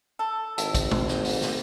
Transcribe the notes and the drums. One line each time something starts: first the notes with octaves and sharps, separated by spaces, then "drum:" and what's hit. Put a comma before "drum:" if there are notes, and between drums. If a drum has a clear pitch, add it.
A4
G#1 E4, drum: hi-hat
drum: kick, hi-hat
drum: tom
drum: snare
drum: open hi-hat
drum: snare